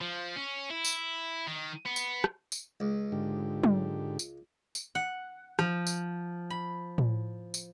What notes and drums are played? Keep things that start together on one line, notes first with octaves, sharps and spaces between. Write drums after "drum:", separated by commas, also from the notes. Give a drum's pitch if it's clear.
F3
C#4
E4
drum: tambourine
D#3
B3
drum: tambourine
drum: rim click
drum: tambourine
C#2
G#2 D3 G4
drum: tom F#3
drum: tambourine
drum: tambourine
F#5
F3, drum: rim click
drum: tambourine
B5
drum: tom A2
drum: tambourine